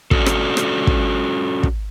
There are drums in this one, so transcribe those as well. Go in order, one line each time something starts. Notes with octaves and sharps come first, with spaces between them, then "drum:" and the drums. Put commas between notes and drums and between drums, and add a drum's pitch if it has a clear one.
C#4 D4 F#4 A4, drum: kick
drum: rim click
drum: rim click
drum: kick
drum: kick